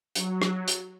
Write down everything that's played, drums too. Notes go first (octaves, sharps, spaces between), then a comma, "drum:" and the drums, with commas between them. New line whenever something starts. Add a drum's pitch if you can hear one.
F#3, drum: hi-hat
drum: rim click
drum: hi-hat